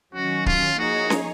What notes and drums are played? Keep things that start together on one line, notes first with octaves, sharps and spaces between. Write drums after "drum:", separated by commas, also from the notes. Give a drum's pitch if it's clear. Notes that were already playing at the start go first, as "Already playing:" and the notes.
D#3 F#3 C#4 F#4
F4, drum: kick C#1
F3 A#3 D#4 F#4 G#4 C#5
drum: snare C#4